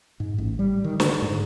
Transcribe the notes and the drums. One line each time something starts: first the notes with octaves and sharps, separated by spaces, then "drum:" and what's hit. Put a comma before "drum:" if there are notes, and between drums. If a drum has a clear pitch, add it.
G#2
A1
G3
D#3
D3, drum: snare
G#2